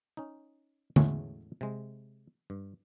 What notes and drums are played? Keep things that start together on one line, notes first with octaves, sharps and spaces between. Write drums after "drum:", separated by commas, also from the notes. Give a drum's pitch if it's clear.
C#4 D#4
E2 A2 G#3 A3 C#4 F#4, drum: tom
C3 G#3
G2